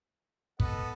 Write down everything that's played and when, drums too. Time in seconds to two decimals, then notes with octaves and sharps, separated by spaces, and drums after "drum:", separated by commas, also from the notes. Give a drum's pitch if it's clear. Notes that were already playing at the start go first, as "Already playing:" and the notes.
0.60 B3 A4 D#5 F#5, drum: kick